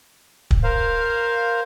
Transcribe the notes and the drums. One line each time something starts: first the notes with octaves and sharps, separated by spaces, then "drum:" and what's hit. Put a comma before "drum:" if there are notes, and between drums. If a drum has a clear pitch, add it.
drum: kick
A#4 C5 F5